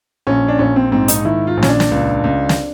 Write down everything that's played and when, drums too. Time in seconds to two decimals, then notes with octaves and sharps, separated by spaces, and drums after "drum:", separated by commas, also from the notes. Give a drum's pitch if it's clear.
0.27 A#1 C#4
0.48 D4
0.59 A#1 C#4
0.76 C4
0.92 G#2 C4
1.08 D#4, drum: hi-hat
1.25 D#3 E4
1.47 F4
1.57 A#1
1.63 C#4, drum: snare
1.68 D4
1.80 drum: snare
1.91 C#2
2.24 C#2
2.49 drum: snare